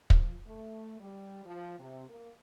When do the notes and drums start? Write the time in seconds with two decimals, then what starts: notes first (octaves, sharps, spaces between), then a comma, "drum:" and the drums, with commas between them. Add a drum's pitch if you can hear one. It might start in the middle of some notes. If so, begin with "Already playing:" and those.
0.10 F3, drum: kick
0.47 A3
1.00 G3
1.45 F3
1.78 C3
2.09 A#3